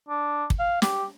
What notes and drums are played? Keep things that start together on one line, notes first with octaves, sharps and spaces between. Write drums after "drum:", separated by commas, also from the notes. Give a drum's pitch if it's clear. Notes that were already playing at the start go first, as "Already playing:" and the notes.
D4
drum: kick
F5
G4, drum: snare